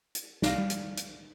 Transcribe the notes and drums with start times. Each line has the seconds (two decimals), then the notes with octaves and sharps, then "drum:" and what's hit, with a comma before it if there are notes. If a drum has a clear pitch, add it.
0.15 drum: hi-hat
0.42 C2 D5 F5 A#6, drum: snare
0.58 G3
0.70 drum: hi-hat
0.97 drum: hi-hat